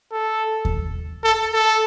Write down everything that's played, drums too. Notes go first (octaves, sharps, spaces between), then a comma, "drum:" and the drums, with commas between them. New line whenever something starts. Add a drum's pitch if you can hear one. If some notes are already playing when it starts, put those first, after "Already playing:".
A4
drum: kick D#2
A4
A4